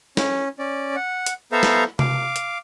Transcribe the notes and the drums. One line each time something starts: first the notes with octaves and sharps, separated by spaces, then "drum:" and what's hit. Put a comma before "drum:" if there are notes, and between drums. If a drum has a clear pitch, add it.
C#4, drum: snare
C#4 D5
F#5
drum: hi-hat
B3 A4 C5 E5 F5 A#5
drum: snare
F5 D6, drum: tom C3
drum: hi-hat